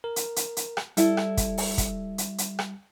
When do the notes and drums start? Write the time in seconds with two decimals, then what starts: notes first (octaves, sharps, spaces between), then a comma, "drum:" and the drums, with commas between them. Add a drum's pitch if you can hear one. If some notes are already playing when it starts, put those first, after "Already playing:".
0.04 A#4
0.16 drum: hi-hat
0.36 drum: hi-hat
0.57 drum: hi-hat
0.77 drum: rim click
0.97 G3 E4 A4, drum: hi-hat
1.17 drum: rim click
1.37 drum: kick, hi-hat
1.58 drum: open hi-hat
1.78 drum: kick, hi-hat
2.18 drum: hi-hat
2.38 drum: hi-hat
2.59 drum: rim click